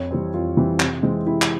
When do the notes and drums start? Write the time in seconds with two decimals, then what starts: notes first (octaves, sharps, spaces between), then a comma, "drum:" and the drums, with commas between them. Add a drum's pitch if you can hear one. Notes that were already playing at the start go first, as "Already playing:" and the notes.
Already playing: F2 C#5
0.11 E3 G3 C4
0.34 F2 F4
0.57 E3 G3 C4
0.80 C3, drum: clap
1.03 E3 G#3 C4
1.26 C3 E4
1.42 drum: clap